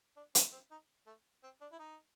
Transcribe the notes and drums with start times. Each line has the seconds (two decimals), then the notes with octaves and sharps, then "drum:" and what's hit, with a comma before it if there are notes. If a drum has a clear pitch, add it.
0.17 D4
0.35 C#4, drum: hi-hat
0.52 C4
0.71 D#4
1.07 A3
1.43 C4
1.61 D4
1.72 E4
1.79 D#4